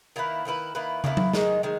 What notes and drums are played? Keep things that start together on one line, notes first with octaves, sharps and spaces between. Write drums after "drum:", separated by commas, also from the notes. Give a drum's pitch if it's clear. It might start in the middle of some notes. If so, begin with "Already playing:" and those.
D#3 A#3 E4 B4
D#3 A#3 E4 B4
D#3 A#3 E4 B4
D#3 A#3 E4 B4, drum: tom
drum: tom F#3
D#3 G#3 D#4, drum: snare
D#3 G#3